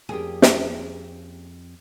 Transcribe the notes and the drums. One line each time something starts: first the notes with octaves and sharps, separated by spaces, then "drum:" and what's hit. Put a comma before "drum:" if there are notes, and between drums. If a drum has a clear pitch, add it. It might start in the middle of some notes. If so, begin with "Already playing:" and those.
F2 A#3 C#4 G4 G#4
drum: snare